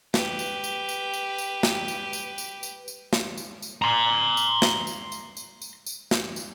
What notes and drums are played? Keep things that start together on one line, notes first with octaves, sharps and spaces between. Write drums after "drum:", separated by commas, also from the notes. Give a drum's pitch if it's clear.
G4 B4, drum: snare
drum: tambourine
drum: tambourine
drum: tambourine
drum: tambourine
drum: tambourine
drum: snare
drum: tambourine
drum: tambourine
drum: tambourine
drum: tambourine
drum: tambourine
drum: snare
drum: tambourine
drum: tambourine
A#5 C6
drum: tambourine
drum: snare
drum: tambourine
drum: tambourine
drum: tambourine
drum: tambourine
drum: tambourine
drum: snare
drum: tambourine